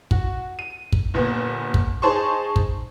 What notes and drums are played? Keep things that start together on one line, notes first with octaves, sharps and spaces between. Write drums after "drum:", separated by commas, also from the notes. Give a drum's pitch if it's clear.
F#4, drum: kick
D#7
drum: kick
G1 A#2 B3
drum: kick
D#4 G#4 C5 A5 C6 C#6
drum: kick